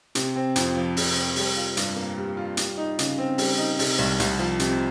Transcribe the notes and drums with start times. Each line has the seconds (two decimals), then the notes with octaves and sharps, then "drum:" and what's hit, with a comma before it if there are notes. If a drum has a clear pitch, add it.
0.15 C3, drum: hi-hat
0.36 C4
0.56 F2, drum: hi-hat
0.77 F3
0.97 C3, drum: open hi-hat
1.16 C4
1.36 G3, drum: open hi-hat
1.56 F4
1.77 G2, drum: hi-hat
1.97 A#3
2.18 G3
2.37 F4
2.57 G3, drum: hi-hat
2.78 D#4
2.99 C#3, drum: hi-hat
3.18 C4
3.38 G3, drum: open hi-hat
3.58 D#4
3.79 C3, drum: open hi-hat
3.99 C2
4.20 C2, drum: hi-hat
4.39 F3
4.59 C3, drum: hi-hat